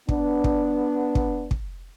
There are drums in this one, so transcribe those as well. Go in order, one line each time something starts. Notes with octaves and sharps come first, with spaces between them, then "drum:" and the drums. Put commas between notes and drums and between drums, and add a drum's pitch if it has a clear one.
B3 D4, drum: kick
drum: kick
drum: kick
drum: kick